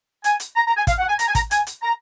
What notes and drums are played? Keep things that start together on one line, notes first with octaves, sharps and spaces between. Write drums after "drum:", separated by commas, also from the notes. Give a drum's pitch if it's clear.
G#5, drum: hi-hat
drum: hi-hat
A#5
A#5
G#5
F5, drum: kick, hi-hat
F#5
G#5
A#5, drum: hi-hat
G#5
A#5, drum: kick, hi-hat
G#5, drum: hi-hat
drum: hi-hat
A#5